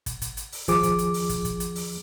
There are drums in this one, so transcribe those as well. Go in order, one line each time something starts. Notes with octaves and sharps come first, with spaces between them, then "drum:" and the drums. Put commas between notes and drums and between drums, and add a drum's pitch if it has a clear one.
drum: kick, hi-hat
drum: kick, hi-hat
drum: hi-hat
drum: open hi-hat
D#2 F3 G#4 D6, drum: kick, hi-hat
drum: kick, hi-hat
drum: hi-hat
drum: open hi-hat
drum: kick, hi-hat
drum: kick, hi-hat
drum: hi-hat
drum: open hi-hat